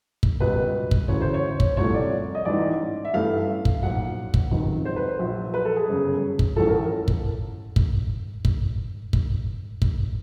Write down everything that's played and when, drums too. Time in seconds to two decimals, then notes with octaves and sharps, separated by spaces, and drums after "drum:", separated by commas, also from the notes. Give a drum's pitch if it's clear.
0.23 drum: kick
0.40 C#2 B2 G3 B4
0.91 drum: kick
1.08 D2 C#3 E3 C#5
1.21 C5
1.34 C#5
1.60 drum: kick
1.77 C2 C3 F3 A3 C#5
1.94 D5
2.35 D#5
2.45 A1 G#2 E3 D5
3.05 E5
3.14 A1 G2 E3 A3 F5
3.65 drum: kick
3.82 B1 A#2 F3 F#5
4.34 drum: kick
4.51 C#2 C3 D#3 F#3
4.85 C5
4.96 B4
5.08 C5
5.19 A#1 A#2 F#3
5.54 B4
5.65 A4
5.76 G#4
5.88 G1 F#2 C#3
6.39 drum: kick
6.56 A1 A2 F3 A4
6.68 A#4
6.79 A4
7.08 drum: kick
7.76 drum: kick
8.45 drum: kick
9.13 drum: kick
9.82 drum: kick